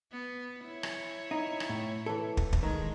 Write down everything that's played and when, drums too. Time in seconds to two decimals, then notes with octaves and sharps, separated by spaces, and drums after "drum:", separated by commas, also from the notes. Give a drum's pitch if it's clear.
0.11 B3
0.64 E4 C#5
0.83 drum: rim click
1.31 D#4
1.60 drum: rim click
1.69 A2
2.06 E3 A4
2.37 drum: kick
2.53 drum: kick
2.63 D#3 G#3